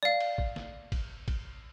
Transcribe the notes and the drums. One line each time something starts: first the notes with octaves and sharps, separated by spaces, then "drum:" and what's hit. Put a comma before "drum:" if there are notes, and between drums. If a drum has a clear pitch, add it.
D5 F5
drum: cymbal
drum: kick
drum: snare
drum: kick, cymbal
drum: kick, cymbal